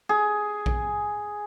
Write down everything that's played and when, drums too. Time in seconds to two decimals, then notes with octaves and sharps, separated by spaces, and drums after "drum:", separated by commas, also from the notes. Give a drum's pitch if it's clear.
0.09 G#4
0.66 drum: kick A#1